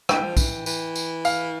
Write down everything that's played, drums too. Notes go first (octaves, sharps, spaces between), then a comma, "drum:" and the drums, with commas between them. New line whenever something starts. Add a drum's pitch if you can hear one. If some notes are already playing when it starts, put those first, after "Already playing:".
E3 G5, drum: rim click
F3
E3, drum: kick, tambourine
E3, drum: tambourine
drum: tambourine
F5, drum: tambourine